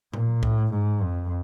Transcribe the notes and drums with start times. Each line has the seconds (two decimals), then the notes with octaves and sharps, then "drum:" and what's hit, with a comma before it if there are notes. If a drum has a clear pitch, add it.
0.14 A#2, drum: tom A2
0.43 A2, drum: kick C2
0.73 G#2
1.03 F2